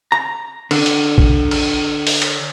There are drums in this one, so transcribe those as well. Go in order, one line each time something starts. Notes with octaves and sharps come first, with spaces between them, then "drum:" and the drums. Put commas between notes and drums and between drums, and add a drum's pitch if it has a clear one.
A#5
D3, drum: cymbal
drum: hi-hat
drum: kick
drum: cymbal
drum: open hi-hat
drum: cymbal